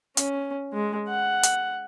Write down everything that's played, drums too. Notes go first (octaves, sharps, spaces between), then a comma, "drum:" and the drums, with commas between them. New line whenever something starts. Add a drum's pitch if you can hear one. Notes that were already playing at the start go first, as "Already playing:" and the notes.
C#4, drum: hi-hat
G#3
F#5
drum: hi-hat